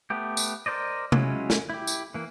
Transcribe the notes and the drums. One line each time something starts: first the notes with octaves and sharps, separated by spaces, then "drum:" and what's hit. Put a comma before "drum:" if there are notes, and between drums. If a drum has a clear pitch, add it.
A3 B3 G4
drum: tambourine
A#4 C5 D5 D#5
F#3 G#3 C#4 E4 F4, drum: tom C3
drum: snare
E4 G4
drum: tambourine
E3 A#3